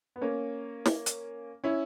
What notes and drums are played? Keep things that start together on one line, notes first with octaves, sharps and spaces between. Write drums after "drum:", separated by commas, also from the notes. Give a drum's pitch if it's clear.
B3
A#3 C#4
drum: snare
drum: hi-hat
C#4 E4